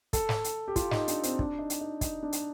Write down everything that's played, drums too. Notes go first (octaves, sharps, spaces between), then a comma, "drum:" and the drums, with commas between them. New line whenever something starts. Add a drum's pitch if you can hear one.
A4, drum: kick, hi-hat
drum: snare
drum: hi-hat
G4
F4, drum: kick, hi-hat
D#4, drum: snare
D4, drum: hi-hat
C4, drum: hi-hat
D4, drum: kick
D#4
drum: hi-hat
D#4
D#4, drum: kick, hi-hat
D4
drum: hi-hat